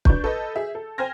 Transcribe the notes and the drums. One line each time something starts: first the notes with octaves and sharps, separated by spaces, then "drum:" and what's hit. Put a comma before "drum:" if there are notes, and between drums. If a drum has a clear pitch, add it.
D4 B4 C#6 G6, drum: kick
A4 B4 D#5
G#4 E5
A4
C5 G5 G#5 F6 G#6 A#6